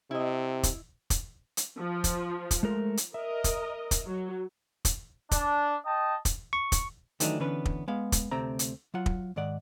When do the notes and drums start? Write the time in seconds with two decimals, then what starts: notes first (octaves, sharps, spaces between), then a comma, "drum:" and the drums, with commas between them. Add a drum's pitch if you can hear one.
0.11 C3 E4 D#5
0.63 drum: kick, hi-hat
1.10 drum: kick, hi-hat
1.57 drum: hi-hat
1.78 F3
2.04 drum: kick, hi-hat
2.51 drum: kick, hi-hat
2.63 G#3 A3 A#4
2.97 drum: hi-hat
3.14 A#4 D#5 E5
3.44 drum: kick, hi-hat
3.91 drum: kick, hi-hat
4.04 F#3
4.85 drum: kick, hi-hat
5.31 D4, drum: kick, hi-hat
5.86 D#5 G5 A5
6.25 drum: kick, hi-hat
6.53 C#6
6.72 drum: kick, hi-hat
7.20 D#3 E3 F#3 A3 D4 D#4, drum: hi-hat
7.40 D3 E3 B3 C#4 D4 B4
7.65 drum: kick
7.88 G#3 B3 F5
8.12 drum: kick, hi-hat
8.31 D2 C3 A3 C4 A#5
8.59 drum: hi-hat
8.94 F#3 F4 F#5
9.06 drum: kick
9.36 G#2 D#3 D5 F#5